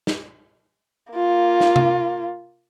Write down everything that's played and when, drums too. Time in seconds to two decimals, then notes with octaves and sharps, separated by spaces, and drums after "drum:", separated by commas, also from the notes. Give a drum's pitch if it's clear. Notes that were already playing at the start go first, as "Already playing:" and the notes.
0.07 drum: snare
1.13 A#3 F4
1.60 drum: snare
1.76 drum: tom C3